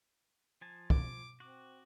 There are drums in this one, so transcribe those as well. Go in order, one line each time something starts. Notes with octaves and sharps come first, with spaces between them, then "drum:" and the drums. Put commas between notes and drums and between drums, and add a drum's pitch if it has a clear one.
F3 G#5 A5
D6, drum: kick
C4 F#4 D6